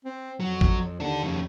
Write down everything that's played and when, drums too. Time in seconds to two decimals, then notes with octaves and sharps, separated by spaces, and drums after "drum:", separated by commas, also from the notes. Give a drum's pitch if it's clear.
0.05 C4
0.40 F2 F#3
0.61 drum: kick G#1
1.00 D#2 D4 A4
1.23 F2 C#3